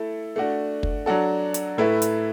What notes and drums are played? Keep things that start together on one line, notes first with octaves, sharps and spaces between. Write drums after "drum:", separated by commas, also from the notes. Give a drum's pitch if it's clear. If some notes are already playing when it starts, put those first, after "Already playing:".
Already playing: A3 E4 A4
A3 D4 F#4
drum: kick
F#3 D4 F#4 A4
drum: hi-hat
A2 A3 E4 B4
drum: hi-hat